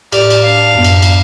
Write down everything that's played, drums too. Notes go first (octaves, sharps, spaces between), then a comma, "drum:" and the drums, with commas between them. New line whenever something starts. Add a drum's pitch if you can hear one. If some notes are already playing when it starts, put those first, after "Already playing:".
A2 G4 D5 F6, drum: cymbal
drum: cymbal
D4 F5
F#2 B3
drum: cymbal
drum: cymbal